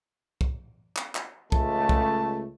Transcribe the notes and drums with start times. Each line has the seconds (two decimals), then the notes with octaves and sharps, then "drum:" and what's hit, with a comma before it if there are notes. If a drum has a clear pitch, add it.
0.41 drum: kick
0.96 drum: clap
1.15 drum: clap
1.52 C#2 A3 A5, drum: kick
1.89 drum: kick